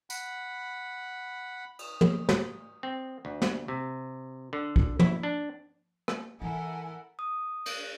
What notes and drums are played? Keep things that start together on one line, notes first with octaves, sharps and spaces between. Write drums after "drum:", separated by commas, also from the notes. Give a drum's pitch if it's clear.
F#5 B5, drum: tambourine
drum: cymbal
drum: tom
drum: snare
C4
D2
drum: snare
C3
D3
drum: kick
E4, drum: tom
D4
drum: rim click
E3 E4 A4 A#4 F#5 G#5
D#6
drum: cymbal